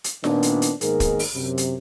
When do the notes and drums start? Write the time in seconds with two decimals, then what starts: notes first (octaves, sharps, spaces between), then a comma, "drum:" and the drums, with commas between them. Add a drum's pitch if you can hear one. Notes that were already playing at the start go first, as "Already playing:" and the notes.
0.04 drum: hi-hat
0.24 A#2 D#3 B3 C4 D4, drum: snare F4
0.43 drum: hi-hat
0.62 drum: hi-hat
0.81 G#2 D#3 A#3 B3 G#4 A#4, drum: hi-hat
1.00 drum: kick, hi-hat
1.19 drum: open hi-hat
1.35 F#2 C3
1.58 drum: hi-hat